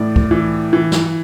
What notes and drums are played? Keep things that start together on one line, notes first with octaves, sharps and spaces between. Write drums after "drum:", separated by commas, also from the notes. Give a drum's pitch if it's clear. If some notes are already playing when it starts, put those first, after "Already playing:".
Already playing: A2 E3 D5
drum: kick C2
E3
E3
drum: snare